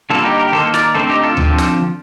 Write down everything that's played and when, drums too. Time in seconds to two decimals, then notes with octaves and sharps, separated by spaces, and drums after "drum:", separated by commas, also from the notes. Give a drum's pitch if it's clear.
0.10 D3 G3 A#3 F4 A4
0.24 D#4 G4
0.38 G4 A#4
0.52 D#3 A#3 A4 C5
0.74 A#4 D5, drum: snare
0.94 D3 A3 C4 A4 C5
1.10 D#4 G4
1.23 F4 A4
1.37 D3 F3 C4, drum: tom D2
1.58 drum: snare